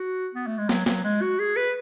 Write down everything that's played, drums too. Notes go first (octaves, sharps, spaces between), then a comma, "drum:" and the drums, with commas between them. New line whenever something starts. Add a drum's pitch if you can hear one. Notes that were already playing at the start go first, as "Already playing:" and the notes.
Already playing: F#4
B3
A3
G#3
F#3, drum: snare
F#3, drum: snare
G#3
F#4
G#4
B4